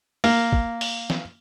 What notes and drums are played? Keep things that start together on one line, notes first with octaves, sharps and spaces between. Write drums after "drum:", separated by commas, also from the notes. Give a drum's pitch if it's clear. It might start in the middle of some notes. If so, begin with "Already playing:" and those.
A#3, drum: open hi-hat
drum: kick
drum: open hi-hat
drum: snare